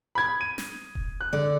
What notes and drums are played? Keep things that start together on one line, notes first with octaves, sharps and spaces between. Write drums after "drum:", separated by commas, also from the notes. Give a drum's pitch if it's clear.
B5 G#6
D#7
drum: snare
drum: kick D#1
F#6
D3 D5